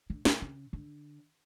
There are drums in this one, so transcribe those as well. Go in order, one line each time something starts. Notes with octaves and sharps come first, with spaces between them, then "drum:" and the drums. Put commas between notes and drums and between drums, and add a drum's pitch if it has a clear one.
D3
C#3, drum: snare
C#3
D3